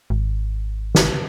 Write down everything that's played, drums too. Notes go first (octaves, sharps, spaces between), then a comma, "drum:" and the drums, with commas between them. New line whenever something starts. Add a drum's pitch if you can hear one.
G#1
drum: snare